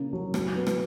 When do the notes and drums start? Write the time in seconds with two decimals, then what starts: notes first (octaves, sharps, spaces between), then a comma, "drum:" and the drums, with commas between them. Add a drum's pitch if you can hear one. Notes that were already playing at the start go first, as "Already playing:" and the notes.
Already playing: C#3 A#3
0.13 F#3
0.34 F#3, drum: rim click
0.56 B3
0.67 drum: rim click